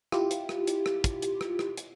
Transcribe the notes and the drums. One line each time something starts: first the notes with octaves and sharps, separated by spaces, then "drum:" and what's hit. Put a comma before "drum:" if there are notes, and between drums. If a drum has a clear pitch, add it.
E4 F4 G4, drum: rim click
drum: hi-hat
drum: rim click
drum: hi-hat
drum: rim click
drum: kick, hi-hat
drum: hi-hat
drum: rim click
drum: rim click
drum: hi-hat